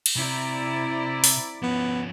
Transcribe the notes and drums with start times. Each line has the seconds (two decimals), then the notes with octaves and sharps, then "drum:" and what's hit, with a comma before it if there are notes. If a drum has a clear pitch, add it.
0.06 drum: cymbal
0.17 C3 C4 E4 D5 A#5
1.24 drum: open hi-hat
1.62 F3 B3 C#4